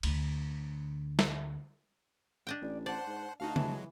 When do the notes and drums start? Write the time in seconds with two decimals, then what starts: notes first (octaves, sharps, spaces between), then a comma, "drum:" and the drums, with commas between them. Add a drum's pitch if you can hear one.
0.03 D2 D3, drum: cymbal
1.19 drum: snare
2.47 D4 D#5 G5
2.61 A1 D5
2.86 C5 D5 F#5 A5
3.06 G#2
3.40 D2 D#4 F#4 F5 A5
3.56 E3 F#3 G#3, drum: tom C#3